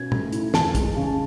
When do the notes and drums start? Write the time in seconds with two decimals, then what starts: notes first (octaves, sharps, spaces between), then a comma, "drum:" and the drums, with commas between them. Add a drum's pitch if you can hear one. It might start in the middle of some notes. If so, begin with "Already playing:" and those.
Already playing: B2 C#4 G#6
0.12 A3, drum: tom
0.32 E4, drum: hi-hat
0.54 E2 A5, drum: snare
0.75 G#3, drum: kick, hi-hat
0.97 C#3